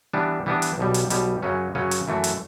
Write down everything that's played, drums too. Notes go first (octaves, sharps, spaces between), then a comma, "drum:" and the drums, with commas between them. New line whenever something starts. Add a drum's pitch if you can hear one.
E3 G3 B3 D4
E3 G3 B3 D4
drum: hi-hat
B1 B2 G3
drum: hi-hat
B1 B2 G3, drum: hi-hat
F#2 C#3 F#3 C#4
F#2 C#3 F#3 C#4
drum: hi-hat
F#2 E3 A3
drum: hi-hat